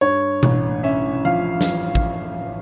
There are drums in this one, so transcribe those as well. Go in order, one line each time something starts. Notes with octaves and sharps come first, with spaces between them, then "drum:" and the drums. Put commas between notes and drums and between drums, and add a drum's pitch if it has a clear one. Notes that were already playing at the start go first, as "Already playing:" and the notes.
G2 C#5
A1, drum: tom B2
C#4 E5
F3 F5
drum: snare
drum: kick